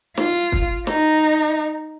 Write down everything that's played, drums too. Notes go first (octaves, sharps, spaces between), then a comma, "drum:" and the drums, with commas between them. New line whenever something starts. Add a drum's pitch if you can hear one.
F4, drum: snare
drum: kick
D#4, drum: snare